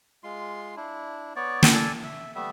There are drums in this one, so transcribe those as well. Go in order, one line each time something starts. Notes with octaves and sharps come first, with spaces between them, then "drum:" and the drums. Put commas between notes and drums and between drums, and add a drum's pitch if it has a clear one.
G#3 F4 C6
D4 E4
B3 C#5 D5
drum: snare
A4 D5 G#5 E6
E5
G3 A3 B3 E5